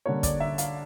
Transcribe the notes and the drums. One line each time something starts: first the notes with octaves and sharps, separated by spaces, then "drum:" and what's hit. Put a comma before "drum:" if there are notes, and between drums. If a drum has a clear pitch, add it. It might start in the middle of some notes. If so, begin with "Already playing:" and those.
D3 G3 A#3 C#4 C#5
D5, drum: kick, hi-hat
E5
F5, drum: hi-hat